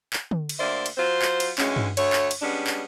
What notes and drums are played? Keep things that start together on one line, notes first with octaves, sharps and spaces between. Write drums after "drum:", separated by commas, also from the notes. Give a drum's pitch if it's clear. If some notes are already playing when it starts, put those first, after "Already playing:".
drum: clap
drum: tom D3
drum: cymbal
D2 A#3 C5 D5 E5
drum: cymbal
F#3 F4 C5
drum: clap
drum: cymbal
D2 E3 G#3 C#4, drum: clap
drum: tom G2
D2 A3 C#5, drum: cymbal
drum: clap
drum: cymbal
G3 G#3 B3 C#4 D4
drum: clap